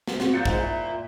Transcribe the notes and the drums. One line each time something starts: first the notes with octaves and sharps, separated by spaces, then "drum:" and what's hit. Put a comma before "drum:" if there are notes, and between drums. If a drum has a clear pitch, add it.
drum: snare
C4 F#4, drum: snare
A#2 F4 G6 A6 C#7
G#2, drum: kick
E4